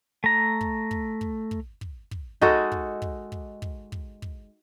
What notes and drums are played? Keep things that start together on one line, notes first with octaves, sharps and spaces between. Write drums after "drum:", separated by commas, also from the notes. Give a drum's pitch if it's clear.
A3 A#5
drum: kick
drum: kick
drum: kick
drum: kick
drum: kick
drum: kick
G#3 D#4 F#4 A4, drum: kick
drum: kick
drum: kick
drum: kick
drum: kick
drum: kick
drum: kick